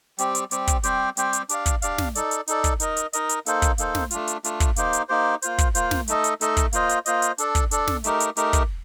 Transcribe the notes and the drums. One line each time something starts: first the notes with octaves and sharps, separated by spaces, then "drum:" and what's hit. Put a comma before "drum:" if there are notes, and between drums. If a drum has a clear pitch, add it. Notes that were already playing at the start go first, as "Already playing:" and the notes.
G3 C4 G4, drum: hi-hat
drum: hi-hat
G3 C4 G4, drum: hi-hat
drum: kick, hi-hat
G3 C4 G4 C5, drum: hi-hat
G3 C4 G4 C5, drum: hi-hat
drum: hi-hat
D4 G4 D5 F5, drum: hi-hat
drum: kick, hi-hat
D4 G4 D5 F5, drum: hi-hat
drum: snare
D#4 A4 D5, drum: hi-hat
drum: hi-hat
D#4 A4 D5, drum: hi-hat
drum: kick, hi-hat
D#4 A#4 D#5, drum: hi-hat
drum: hi-hat
D#4 A#4 D#5, drum: hi-hat
drum: hi-hat
A#3 D#4 A4 C5, drum: hi-hat
drum: kick, hi-hat
A#3 D#4 A4 C5, drum: hi-hat
drum: snare
A3 D4 F4, drum: hi-hat
drum: hi-hat
A3 D4 F4, drum: hi-hat
drum: kick, hi-hat
A#3 D#4 G4 C5, drum: hi-hat
drum: hi-hat
A#3 D#4 G4 C5
A#3 F4 C5, drum: hi-hat
drum: kick, hi-hat
A#3 F4 C5, drum: hi-hat
drum: snare
A3 D#4 A4 D#5, drum: hi-hat
drum: hi-hat
A3 D#4 A4 D#5, drum: hi-hat
drum: kick, hi-hat
A#3 F4 C5 D#5, drum: hi-hat
drum: hi-hat
A#3 F4 C5 D#5, drum: hi-hat
drum: hi-hat
D4 A4 D5, drum: hi-hat
drum: kick, hi-hat
D4 A4 D5, drum: hi-hat
drum: snare
A3 D#4 G4 A#4, drum: hi-hat
drum: hi-hat
A3 D#4 G4 A#4, drum: hi-hat
drum: kick, hi-hat